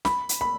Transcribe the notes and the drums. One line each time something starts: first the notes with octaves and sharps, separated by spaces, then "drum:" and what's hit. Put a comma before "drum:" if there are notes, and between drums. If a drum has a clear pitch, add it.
B5, drum: snare
drum: hi-hat
B5